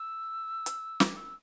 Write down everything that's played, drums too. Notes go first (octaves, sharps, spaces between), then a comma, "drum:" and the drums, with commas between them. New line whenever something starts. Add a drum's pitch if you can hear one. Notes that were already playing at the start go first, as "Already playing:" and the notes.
Already playing: E6
drum: hi-hat
D6, drum: snare
E6